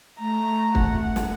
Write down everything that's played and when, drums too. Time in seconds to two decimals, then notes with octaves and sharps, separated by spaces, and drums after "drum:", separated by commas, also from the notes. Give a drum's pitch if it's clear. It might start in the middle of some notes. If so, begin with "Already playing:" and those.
0.19 A3 A#5
0.75 F#5, drum: kick
1.16 drum: snare